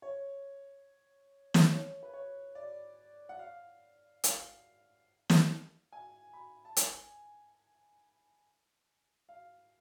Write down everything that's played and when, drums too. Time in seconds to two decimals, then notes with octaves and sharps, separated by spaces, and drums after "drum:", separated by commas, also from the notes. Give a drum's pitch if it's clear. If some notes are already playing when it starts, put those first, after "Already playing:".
0.02 C#5
1.54 drum: snare
1.71 C#5
2.03 B4
2.14 C#5
2.55 D5
3.29 F#5
3.39 F5
4.24 F5, drum: hi-hat
5.30 drum: snare
5.92 G#5
6.33 B5
6.65 A5
6.77 G#5, drum: hi-hat
9.29 F5